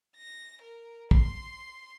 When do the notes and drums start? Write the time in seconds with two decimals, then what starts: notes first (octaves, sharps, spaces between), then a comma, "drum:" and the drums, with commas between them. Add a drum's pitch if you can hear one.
0.16 A#6
0.61 A#4
1.11 C6, drum: kick